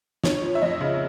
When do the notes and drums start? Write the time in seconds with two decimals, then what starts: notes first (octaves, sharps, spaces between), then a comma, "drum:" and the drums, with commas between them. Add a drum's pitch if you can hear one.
0.24 F2 C#5, drum: snare
0.43 F3
0.55 E5
0.62 F2 D#5
0.80 C#3